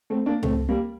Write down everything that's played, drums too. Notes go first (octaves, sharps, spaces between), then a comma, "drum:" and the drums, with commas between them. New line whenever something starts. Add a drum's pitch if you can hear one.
A3 C4
A#3 D4
A3 C4, drum: tom C#2
G3 A#3